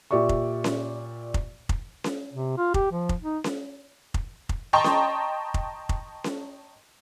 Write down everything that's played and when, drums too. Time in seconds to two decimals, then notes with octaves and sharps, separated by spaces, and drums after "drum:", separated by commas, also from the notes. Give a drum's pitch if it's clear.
0.11 A#2 G4 D5 E5 C#6
0.29 drum: kick F1
0.64 drum: snare C#4
1.34 drum: kick F1
1.69 drum: kick F1
2.04 drum: snare C#4
2.33 C3
2.57 F4
2.74 G4, drum: kick F1
2.92 F3
3.09 drum: kick F1
3.23 D#4
3.44 drum: snare C#4
4.14 drum: kick F1
4.49 drum: kick F1
4.73 D#5 G5 A5 A#5 C6 C#6
4.84 drum: snare C#4
5.54 drum: kick F1
5.89 drum: kick F1
6.24 drum: snare C#4